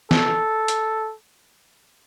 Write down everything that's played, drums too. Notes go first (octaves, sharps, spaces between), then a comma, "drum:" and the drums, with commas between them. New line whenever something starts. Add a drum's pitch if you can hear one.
A4, drum: snare
drum: hi-hat